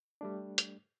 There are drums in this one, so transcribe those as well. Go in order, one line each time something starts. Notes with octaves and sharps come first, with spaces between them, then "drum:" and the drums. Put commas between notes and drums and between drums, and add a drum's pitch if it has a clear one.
G3 A3 D4
drum: hi-hat